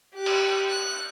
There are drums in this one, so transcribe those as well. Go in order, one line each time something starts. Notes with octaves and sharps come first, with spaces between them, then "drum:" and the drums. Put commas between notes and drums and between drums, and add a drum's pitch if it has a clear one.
G4 F#6
drum: cymbal
F#6